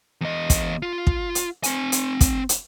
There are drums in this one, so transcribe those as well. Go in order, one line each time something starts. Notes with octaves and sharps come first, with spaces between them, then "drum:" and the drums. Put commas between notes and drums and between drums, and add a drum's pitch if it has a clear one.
E2 D#5
drum: kick, hi-hat
F4
drum: kick
drum: hi-hat
C4 G#5, drum: hi-hat
drum: hi-hat
drum: kick, hi-hat
drum: hi-hat